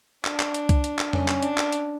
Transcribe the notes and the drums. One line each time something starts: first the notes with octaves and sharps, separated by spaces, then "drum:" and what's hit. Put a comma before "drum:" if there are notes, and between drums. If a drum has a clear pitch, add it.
D4, drum: clap
drum: clap
drum: hi-hat
drum: kick C2, hi-hat
drum: hi-hat
drum: clap
C#4, drum: tom F2
drum: clap
D4, drum: hi-hat
drum: clap
drum: hi-hat